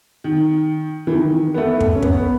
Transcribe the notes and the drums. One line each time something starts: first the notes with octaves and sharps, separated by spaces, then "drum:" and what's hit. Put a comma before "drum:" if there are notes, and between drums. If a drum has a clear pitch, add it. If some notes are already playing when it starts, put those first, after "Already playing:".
D#3
E3
D#3
B3
A3
drum: kick
C#4
B3, drum: kick